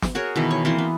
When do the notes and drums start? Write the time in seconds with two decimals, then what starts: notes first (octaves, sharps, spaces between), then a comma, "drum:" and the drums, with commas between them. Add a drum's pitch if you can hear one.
0.02 drum: snare
0.15 F#4 G#4 A#4 C#5
0.36 B2 D#3 E3
0.51 C#5
0.65 E3 A#3 C4 C6
0.78 B3